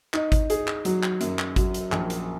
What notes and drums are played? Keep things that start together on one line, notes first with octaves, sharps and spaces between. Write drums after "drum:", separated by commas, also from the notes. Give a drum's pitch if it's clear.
D#4, drum: clap
drum: kick G#1, hi-hat
G#4, drum: hi-hat
drum: clap
F#3, drum: hi-hat
drum: clap
F#2, drum: hi-hat
drum: clap
F#3, drum: kick G#1, hi-hat
drum: hi-hat
A#1, drum: clap
drum: hi-hat